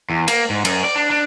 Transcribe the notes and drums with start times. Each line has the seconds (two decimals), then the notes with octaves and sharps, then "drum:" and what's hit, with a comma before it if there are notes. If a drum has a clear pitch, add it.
0.10 E2
0.28 A#3, drum: cymbal
0.50 G#2
0.65 F#2, drum: cymbal
0.84 D5
0.96 D4
1.10 D4